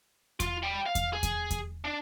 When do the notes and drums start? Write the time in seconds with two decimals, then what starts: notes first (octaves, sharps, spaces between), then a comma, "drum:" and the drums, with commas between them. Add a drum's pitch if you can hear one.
0.40 F4, drum: kick E2, hi-hat
0.63 G5 B5
0.86 F5
0.95 drum: kick E2, hi-hat
1.13 G#4
1.23 drum: kick E2, hi-hat
1.50 drum: kick E2, hi-hat
1.85 D4